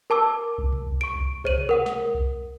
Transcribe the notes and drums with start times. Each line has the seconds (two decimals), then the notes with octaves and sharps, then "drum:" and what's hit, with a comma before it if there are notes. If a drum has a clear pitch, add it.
0.10 A#4 A5 D6 E6
0.58 drum: kick C2
0.73 drum: tom B2
0.87 drum: kick C2
1.01 C#6 D7
1.15 drum: kick C2
1.44 G#4 C5 C#5 D#7 F#7, drum: kick C2
1.58 drum: tom B2
1.69 A#4 F#5 D#6
1.86 drum: snare
2.15 drum: kick C2